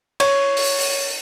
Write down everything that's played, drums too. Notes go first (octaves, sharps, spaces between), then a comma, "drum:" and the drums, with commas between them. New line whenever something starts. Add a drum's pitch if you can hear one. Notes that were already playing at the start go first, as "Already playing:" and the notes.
C#5, drum: cymbal
drum: open hi-hat
drum: open hi-hat